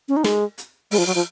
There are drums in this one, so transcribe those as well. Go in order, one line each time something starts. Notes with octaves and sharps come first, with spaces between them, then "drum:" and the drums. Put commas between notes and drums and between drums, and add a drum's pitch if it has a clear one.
C#4
D#4
G#3, drum: snare
drum: hi-hat
G#3, drum: open hi-hat
F3
F#3
F3